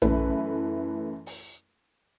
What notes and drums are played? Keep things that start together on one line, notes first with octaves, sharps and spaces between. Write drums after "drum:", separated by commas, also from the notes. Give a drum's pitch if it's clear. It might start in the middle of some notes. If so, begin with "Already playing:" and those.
F#2 E3 A3 E4 B4, drum: tom A#1
drum: open hi-hat